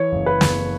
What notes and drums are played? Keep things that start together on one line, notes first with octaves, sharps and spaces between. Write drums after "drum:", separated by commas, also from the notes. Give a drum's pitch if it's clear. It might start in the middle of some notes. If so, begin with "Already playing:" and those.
Already playing: E3 C#5
F#1
B4
F#1, drum: snare